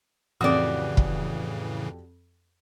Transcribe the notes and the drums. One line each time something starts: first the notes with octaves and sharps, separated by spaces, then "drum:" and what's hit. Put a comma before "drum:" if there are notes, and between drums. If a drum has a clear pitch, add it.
F2 A2 C#3 E3 F#4 G4 D5 D#6
drum: kick